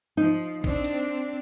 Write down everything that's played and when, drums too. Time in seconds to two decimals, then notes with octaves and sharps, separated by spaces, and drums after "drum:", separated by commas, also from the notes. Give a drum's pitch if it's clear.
0.17 F3 D#4
0.64 C4 D4, drum: kick A#1
0.84 drum: hi-hat